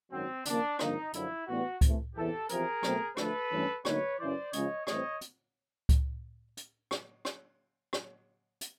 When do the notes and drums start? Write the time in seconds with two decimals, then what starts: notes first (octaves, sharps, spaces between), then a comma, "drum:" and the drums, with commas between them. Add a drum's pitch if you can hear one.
0.11 G#1 F#2 D#3 F#3 C4
0.45 D#2 C#3 F3 A#3 D4, drum: hi-hat
0.79 G#1 G2 D3 F3 A#3 D#4, drum: rim click
1.13 F#2 D3 F3 E4, drum: hi-hat
1.47 A1 A2 E3 G3 B3 F#4
1.81 E2 C3 E3 A3, drum: kick C#2, hi-hat
2.15 E2 C3 E3 G4 A4
2.49 E2 C3 F3 G#4 A#4, drum: hi-hat
2.83 B2 F#3 A3 C4, drum: rim click
3.17 D2 D3 F3 A3 A4 B4, drum: rim click
3.51 G2 E3 A3 C#4
3.85 D2 D3 F#3 A#3 D#4 B4 C#5, drum: rim click
4.19 F#2 C#3 E3 C5 D5
4.53 C#2 C#3 F3 C#5 D#5, drum: hi-hat
4.87 A2 E3 G3 C4 C#5 D#5, drum: rim click
5.21 drum: hi-hat
5.89 drum: kick C#2, hi-hat
6.57 drum: hi-hat
6.91 drum: rim click
7.25 drum: rim click
7.93 drum: rim click
8.61 drum: hi-hat